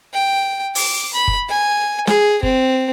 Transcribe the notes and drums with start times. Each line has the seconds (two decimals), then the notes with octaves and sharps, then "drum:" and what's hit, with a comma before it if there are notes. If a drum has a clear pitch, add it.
0.14 G5
0.75 D6, drum: open hi-hat
1.13 B5
1.28 drum: kick F#1
1.49 G#5
2.07 G#4, drum: snare
2.43 C4, drum: kick F#1